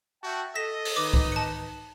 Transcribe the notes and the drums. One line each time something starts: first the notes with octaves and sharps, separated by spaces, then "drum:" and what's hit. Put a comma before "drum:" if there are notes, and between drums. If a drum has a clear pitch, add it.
F#4 E5 G5 A5
A4 D#5 A#6 B6 E7
drum: open hi-hat
D#3 D#4 B4 D6
drum: kick C2
A5 C#7